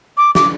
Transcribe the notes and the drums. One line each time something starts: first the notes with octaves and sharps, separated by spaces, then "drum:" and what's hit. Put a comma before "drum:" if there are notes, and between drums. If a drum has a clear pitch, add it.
D6
D6, drum: snare